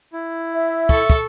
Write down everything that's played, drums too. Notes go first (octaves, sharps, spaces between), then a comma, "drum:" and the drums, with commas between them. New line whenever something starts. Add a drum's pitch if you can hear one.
E4
E5
A4 C#6, drum: kick
drum: kick